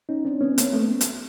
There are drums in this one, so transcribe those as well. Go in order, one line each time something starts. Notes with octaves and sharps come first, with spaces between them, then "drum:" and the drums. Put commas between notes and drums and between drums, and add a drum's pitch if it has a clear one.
C#4 D#4
C4 D4
B3 C#4
A#3 C4, drum: hi-hat
A3 B3
drum: hi-hat